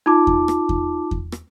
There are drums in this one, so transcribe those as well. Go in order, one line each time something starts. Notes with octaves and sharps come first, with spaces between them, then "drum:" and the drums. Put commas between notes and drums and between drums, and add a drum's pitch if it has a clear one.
D#4 F4 A5 D6
drum: kick E2
drum: rim click
drum: kick E2
drum: kick E2
drum: rim click